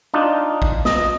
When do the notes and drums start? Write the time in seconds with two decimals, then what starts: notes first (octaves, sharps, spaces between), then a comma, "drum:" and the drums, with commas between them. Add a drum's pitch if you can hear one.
0.14 D4 D#4 F4
0.62 drum: kick A#1
0.85 D#5, drum: snare A#3